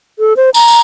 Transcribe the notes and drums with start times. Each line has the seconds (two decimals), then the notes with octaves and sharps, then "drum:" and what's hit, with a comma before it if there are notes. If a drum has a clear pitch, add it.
0.19 A4
0.37 C5
0.54 A#5, drum: tambourine
0.68 drum: tambourine